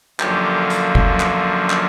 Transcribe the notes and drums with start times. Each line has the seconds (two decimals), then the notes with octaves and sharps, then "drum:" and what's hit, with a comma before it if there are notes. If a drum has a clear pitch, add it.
0.20 F#2 D3 F3 A#3 G4, drum: clap
0.70 drum: hi-hat
0.95 drum: kick F1
1.20 drum: clap
1.70 drum: clap